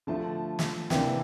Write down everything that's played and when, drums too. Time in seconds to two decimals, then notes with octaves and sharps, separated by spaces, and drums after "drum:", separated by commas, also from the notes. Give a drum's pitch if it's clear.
0.07 D3 F3 A3 A5
0.59 drum: snare
0.90 C3 E3 A#3 D4 G5, drum: snare